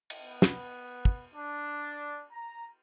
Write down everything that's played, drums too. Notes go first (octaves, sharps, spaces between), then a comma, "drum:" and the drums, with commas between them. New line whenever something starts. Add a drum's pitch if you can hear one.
drum: cymbal
B3
drum: snare
drum: kick
D4
A#5